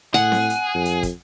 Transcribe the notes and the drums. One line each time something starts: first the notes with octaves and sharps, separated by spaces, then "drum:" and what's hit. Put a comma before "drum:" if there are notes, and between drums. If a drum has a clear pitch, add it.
A2 G#4 F#5, drum: hi-hat
drum: snare C4
drum: hi-hat
F2
drum: hi-hat
drum: kick, hi-hat